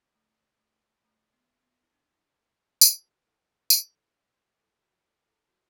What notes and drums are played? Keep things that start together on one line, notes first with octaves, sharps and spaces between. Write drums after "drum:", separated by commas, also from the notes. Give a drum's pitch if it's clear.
A3
A3
A3
B3
B3
E4
D4
F#4 B4, drum: tambourine
E4 A4
E4 A4, drum: tambourine
E4 A4
F#4
E4 A4
E4 A4
F#4